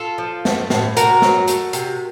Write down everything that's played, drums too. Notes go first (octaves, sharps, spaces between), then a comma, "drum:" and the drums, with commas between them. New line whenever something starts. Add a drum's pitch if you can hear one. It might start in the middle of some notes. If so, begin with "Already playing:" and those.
Already playing: F4 A4
F3
A3, drum: snare
A2, drum: snare
C3 F#4 A#4, drum: hi-hat
F#3, drum: snare
A3, drum: hi-hat
C3, drum: hi-hat